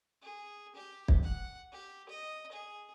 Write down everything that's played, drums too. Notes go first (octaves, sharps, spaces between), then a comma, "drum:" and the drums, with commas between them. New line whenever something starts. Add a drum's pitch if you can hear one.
G#4
G4
drum: kick
F#5
G4
D#5
G#4